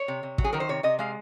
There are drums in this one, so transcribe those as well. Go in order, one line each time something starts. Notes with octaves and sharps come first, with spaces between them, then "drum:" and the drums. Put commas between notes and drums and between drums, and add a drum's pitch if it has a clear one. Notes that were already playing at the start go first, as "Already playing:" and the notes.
Already playing: C#5
C3
C3
F#3, drum: kick
G#4
D#3 A#4
C5
C3 C#5
C3 D#5
G#3 F5